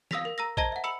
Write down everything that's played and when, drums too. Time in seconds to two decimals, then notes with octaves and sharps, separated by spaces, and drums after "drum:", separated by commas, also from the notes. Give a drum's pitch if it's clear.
0.11 F5 D#6 E6 A#6 B6 F7, drum: snare
0.25 A#4
0.38 A#5 E6 A#6
0.57 C5 D#5 A5 A#5 G#6 A#6, drum: kick
0.72 E5 F#5
0.84 B5 E6 C#7 F#7